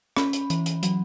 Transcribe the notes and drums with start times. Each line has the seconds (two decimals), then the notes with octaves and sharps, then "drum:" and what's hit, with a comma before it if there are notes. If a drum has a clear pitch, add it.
0.17 C#4 B5, drum: rim click
0.33 drum: hi-hat
0.50 E3, drum: hi-hat
0.66 drum: hi-hat
0.83 F#3, drum: hi-hat